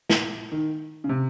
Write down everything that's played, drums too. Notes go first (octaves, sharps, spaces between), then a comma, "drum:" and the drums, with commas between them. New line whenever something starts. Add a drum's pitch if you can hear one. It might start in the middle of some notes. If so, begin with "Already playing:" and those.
drum: snare
D#3
C#3
C3